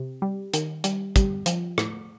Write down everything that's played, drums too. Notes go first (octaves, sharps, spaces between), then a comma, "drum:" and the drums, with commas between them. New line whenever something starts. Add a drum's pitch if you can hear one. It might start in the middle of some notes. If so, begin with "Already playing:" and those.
Already playing: C3
G3
D#3, drum: hi-hat
G3, drum: hi-hat
G3, drum: kick, hi-hat
F3, drum: hi-hat
A2, drum: rim click